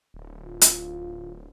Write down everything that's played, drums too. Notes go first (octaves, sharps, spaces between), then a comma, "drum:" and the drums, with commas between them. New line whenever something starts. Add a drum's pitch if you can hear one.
D1
F4
drum: hi-hat